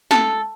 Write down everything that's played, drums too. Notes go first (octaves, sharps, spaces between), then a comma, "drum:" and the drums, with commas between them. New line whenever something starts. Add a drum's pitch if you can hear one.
A4, drum: snare